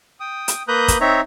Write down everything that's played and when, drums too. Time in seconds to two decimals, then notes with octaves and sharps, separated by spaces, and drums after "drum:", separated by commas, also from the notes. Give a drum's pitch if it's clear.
0.20 G5 D#6
0.48 drum: hi-hat
0.68 A#3 B4 A#5 D#6 F#6 G6
0.88 drum: kick, hi-hat
1.01 C4 D#4 C#5 E5 A#5